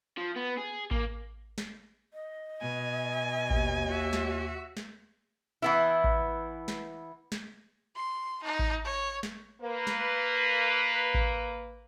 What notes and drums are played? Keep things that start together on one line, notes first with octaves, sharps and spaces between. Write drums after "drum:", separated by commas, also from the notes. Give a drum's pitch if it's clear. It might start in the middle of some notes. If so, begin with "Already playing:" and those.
F3
B3
G#4
A#3, drum: kick A1
drum: snare
D#5
B2 G#5
D#2, drum: kick A1
F#4 E5
drum: snare
drum: snare
E3 B3 E4
drum: kick A1
drum: snare
drum: snare
C6
D#4
drum: kick A1
C#5
drum: snare
A#3 B4
drum: snare
drum: kick A1